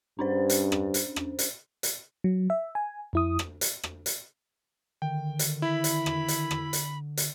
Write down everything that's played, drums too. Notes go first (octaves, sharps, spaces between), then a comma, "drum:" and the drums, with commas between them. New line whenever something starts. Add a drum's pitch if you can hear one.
G2 C#4 D4 C5
drum: hi-hat
drum: rim click
drum: hi-hat
drum: rim click
drum: hi-hat
drum: hi-hat
F#3
E5
G#5
F2 E4 D#6
drum: rim click
drum: hi-hat
drum: rim click
drum: hi-hat
D3 D#3 G5
drum: hi-hat
E4 B5
drum: hi-hat
drum: rim click
drum: hi-hat
drum: rim click
drum: hi-hat
drum: hi-hat